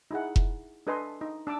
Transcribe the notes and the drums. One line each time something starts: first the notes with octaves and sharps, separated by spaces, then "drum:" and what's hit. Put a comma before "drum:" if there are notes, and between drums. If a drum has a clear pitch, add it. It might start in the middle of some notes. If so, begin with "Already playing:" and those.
D#4 E4 G#4 F#5
drum: kick F1
D4 A4 B4 D#5 G#5 C6
D#4
D4 A5 D6 E6